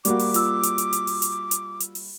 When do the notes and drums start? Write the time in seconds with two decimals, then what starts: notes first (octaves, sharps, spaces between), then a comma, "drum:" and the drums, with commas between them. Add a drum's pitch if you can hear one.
0.05 G3 A#3 F#4 D6, drum: hi-hat
0.19 drum: open hi-hat
0.34 F4 E6, drum: hi-hat
0.63 drum: hi-hat
0.78 drum: hi-hat
0.93 drum: hi-hat
1.07 drum: open hi-hat
1.22 drum: hi-hat
1.51 drum: hi-hat
1.80 drum: hi-hat
1.95 drum: open hi-hat